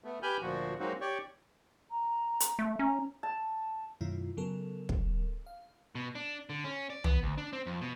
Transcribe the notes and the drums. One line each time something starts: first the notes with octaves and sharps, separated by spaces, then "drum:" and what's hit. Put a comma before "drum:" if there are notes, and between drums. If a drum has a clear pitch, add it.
A3 B3
G4 B4 G#5 B5 F6 G6
D2 A#2 F3 F#4
F#3 G#3 A#3 C4 D#4 F#4
G4 C#5 D5 G5 C#6
A#5
drum: hi-hat
A3
C#4 A#5
A5
F#2 B2 D#3 A3 E4 F4
C#3 F#3 B3 A4 A#4
drum: kick
F5
B2
D4
D3
C#4
D5
B3, drum: tom
D2
D4
C4
F2
B2